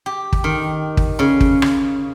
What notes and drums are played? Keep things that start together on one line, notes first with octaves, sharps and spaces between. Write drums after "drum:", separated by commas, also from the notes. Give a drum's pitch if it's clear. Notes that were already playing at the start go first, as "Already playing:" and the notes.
G4
drum: kick
D#3
drum: kick
C#3
drum: kick
drum: rim click